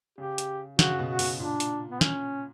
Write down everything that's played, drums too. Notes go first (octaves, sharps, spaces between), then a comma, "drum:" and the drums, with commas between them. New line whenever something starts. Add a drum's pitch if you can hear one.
C#3 G4
drum: hi-hat
C#3 F#4, drum: snare
B2
F#4
B2, drum: open hi-hat
A#2 D4
drum: hi-hat
B3
C#4, drum: snare